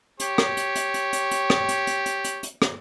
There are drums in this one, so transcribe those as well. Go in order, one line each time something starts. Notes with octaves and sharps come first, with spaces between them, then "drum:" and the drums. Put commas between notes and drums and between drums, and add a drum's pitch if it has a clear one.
G4 C#5, drum: hi-hat
drum: rim click
drum: hi-hat
drum: hi-hat
drum: hi-hat
drum: hi-hat
drum: hi-hat
drum: rim click
drum: hi-hat
drum: hi-hat
drum: hi-hat
drum: hi-hat
drum: hi-hat
drum: rim click